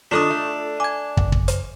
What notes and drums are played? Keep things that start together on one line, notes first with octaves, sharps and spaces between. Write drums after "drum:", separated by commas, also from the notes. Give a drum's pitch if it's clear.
D#3 D4 D#4 F4 A4 D#6
A3
G#5 D6 G#6
F#1, drum: kick
drum: kick
drum: hi-hat